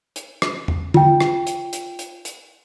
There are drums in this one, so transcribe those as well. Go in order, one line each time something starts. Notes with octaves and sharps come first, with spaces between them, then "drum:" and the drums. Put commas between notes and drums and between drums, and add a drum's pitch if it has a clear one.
drum: hi-hat
drum: rim click
drum: tom E2
F4 G5, drum: tom
drum: rim click
drum: hi-hat
drum: hi-hat
drum: hi-hat
drum: hi-hat